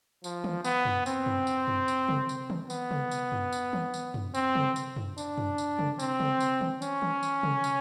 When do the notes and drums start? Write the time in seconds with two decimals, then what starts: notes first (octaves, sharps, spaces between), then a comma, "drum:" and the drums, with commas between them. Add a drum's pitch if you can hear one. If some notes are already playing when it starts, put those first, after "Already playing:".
0.24 F3, drum: tambourine
0.44 drum: tom D#3
0.64 B3, drum: tambourine
0.85 drum: tom F#2
1.06 C4, drum: tambourine
1.26 drum: tom F#2
1.47 drum: tambourine
1.67 drum: tom F#2
1.88 drum: tambourine
2.09 drum: tom C3
2.29 drum: tambourine
2.50 drum: tom D#3
2.70 B3, drum: tambourine
2.91 drum: tom C3
3.11 drum: tambourine
3.32 drum: tom F#2
3.53 drum: tambourine
3.73 drum: tom D#3
3.94 drum: tambourine
4.14 drum: tom F#2
4.35 C4, drum: tambourine
4.55 drum: tom C3
4.76 drum: tambourine
4.97 drum: tom F#2
5.18 D4, drum: tambourine
5.38 drum: tom F#2
5.58 drum: tambourine
5.79 drum: tom C3
5.99 C4, drum: tambourine
6.20 drum: tom C3
6.40 drum: tambourine
6.61 drum: tom D#3
6.82 C#4, drum: tambourine
7.02 drum: tom D#3
7.23 drum: tambourine
7.43 drum: tom C3
7.64 drum: tambourine